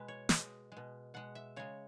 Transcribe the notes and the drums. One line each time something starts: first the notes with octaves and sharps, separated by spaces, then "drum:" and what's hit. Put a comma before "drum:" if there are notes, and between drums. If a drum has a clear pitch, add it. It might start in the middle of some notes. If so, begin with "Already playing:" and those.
Already playing: B2 G#3 B4
C#5
B2 G#3 D#5, drum: snare
B2 G#3
B2 G#3 F#5
E5
C#3 G#3 C#5